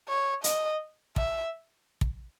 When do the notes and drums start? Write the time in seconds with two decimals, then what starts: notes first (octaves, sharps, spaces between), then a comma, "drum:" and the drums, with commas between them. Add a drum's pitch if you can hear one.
0.09 C#5
0.44 D#5, drum: hi-hat
1.16 E5, drum: kick
2.01 drum: kick